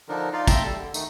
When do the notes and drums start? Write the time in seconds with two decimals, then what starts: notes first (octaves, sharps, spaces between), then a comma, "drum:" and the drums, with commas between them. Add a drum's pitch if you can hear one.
0.09 D3 F3 D4 D#4 A#4
0.33 D#4 F4 D5 F5
0.47 E5 G5 A5 A#5 C6, drum: kick, tambourine
0.64 G3 A4
0.78 D3
0.94 D#3 A3 D#4, drum: tambourine